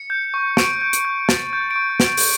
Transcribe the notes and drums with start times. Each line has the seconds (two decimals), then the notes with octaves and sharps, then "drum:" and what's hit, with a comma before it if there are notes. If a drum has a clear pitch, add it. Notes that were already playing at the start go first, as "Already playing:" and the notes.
Already playing: C#7
0.10 G6
0.34 C#6
0.57 C#6 D7, drum: snare
0.82 G6
0.93 drum: hi-hat
1.05 G6
1.29 G6 A6, drum: snare
1.53 G6
1.71 D7
1.76 C#6
2.00 drum: snare
2.17 drum: open hi-hat